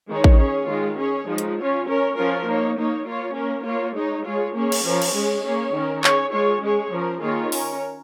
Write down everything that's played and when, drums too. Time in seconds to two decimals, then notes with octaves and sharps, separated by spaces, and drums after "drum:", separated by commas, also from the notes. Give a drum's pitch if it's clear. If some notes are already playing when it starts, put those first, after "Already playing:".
0.09 D#3 G#3 D#4 C#5
0.24 drum: kick A1
0.40 C#4 G#4 C#5
0.69 D#3 G#3 F4
0.99 C#4 G#4 C#5
1.28 F3 G#3 D#4
1.38 drum: hi-hat
1.58 C#4 F4 C#5
1.88 C#4 A#4 C#5
2.18 F3 C#4 F4 A#4 C#5
2.47 A#3 D#4 C#5
2.77 A#3 D#4 C#5
3.06 A#3 F4 C#5
3.36 A#3 C#4 A#4
3.66 A#3 F4 C#5
3.96 G#3 D#4 C#5
4.25 G#3 F4 G#4 C#5
4.55 A#3 C#4 G#4 C#5
4.72 drum: cymbal
4.85 F3 C#4 A#4 C#5
5.02 drum: cymbal
5.14 G#3 C#4 G#4 C#5
5.45 A#3 C#4 G#4 C#5
5.74 D#3 C#4 A#4
6.04 C#4 G#4 C#5, drum: clap
6.33 G#3 F4 G#4 C#5
6.63 G#3 C#4 G#4 C#5
6.92 F3 C#4 A#4
7.22 D#3 A#3 F4 G#4 C#5
7.52 C#4 A#4 C#5, drum: open hi-hat